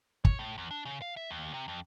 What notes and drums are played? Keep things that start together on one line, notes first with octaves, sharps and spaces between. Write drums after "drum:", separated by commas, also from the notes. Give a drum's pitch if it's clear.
C#5, drum: kick
A2
E2
D4
C#3
F5
E5
D#2
C3
F2